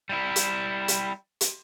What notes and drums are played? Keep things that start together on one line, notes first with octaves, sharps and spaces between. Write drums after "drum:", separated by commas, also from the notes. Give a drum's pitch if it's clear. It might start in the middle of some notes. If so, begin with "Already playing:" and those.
G3 E4
drum: hi-hat
drum: hi-hat
drum: hi-hat